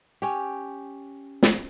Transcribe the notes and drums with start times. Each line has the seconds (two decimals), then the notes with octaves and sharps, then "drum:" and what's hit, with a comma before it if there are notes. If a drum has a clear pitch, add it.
0.22 C#4 G4
1.43 drum: snare